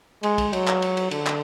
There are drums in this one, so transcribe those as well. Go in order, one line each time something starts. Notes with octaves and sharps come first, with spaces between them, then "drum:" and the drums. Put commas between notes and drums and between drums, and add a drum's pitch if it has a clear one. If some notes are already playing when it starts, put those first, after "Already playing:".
G#3, drum: cymbal
drum: kick, cymbal
F#3, drum: cymbal
drum: clap
drum: cymbal
drum: cymbal
D3, drum: cymbal
drum: clap